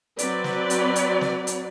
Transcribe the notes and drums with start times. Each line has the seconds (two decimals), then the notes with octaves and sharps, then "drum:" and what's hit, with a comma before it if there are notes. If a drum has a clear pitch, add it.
0.19 F#3 C4 B4 D5, drum: hi-hat
0.44 drum: snare
0.70 drum: hi-hat
0.96 drum: hi-hat
1.21 drum: snare
1.47 drum: hi-hat